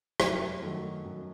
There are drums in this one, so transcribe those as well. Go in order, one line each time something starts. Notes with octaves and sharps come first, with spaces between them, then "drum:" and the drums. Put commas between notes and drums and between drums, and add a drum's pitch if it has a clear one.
F#2, drum: rim click
D#3 F#3 A3
F#2